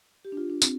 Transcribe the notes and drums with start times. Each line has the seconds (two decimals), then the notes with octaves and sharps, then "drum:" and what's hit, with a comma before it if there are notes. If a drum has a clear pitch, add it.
0.25 G4
0.32 D4
0.37 F4
0.50 D4
0.62 C4, drum: tambourine